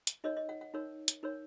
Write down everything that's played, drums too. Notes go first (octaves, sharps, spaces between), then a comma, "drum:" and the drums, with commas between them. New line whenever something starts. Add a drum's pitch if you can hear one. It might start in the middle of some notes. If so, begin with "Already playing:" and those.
drum: hi-hat
D#4 A#4 C#5 D#5
D#5
F#5
F#5
D#4 A#4 C#5
drum: hi-hat
D#4 A#4 C#5